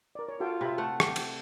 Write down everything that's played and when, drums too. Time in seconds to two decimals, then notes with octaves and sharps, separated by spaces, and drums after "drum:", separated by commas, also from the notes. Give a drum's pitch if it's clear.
0.15 A#4 D5
0.29 C#5
0.40 F4 F#4 A4 G5
0.61 C3 E5 B5
0.78 A3 A4 F#5
1.00 G4, drum: rim click
1.16 drum: cymbal